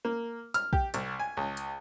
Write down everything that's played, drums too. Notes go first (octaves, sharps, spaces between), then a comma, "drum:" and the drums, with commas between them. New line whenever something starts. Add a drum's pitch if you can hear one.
A#3
F6, drum: hi-hat
G4, drum: kick
C2, drum: hi-hat
G#5
C#2
drum: hi-hat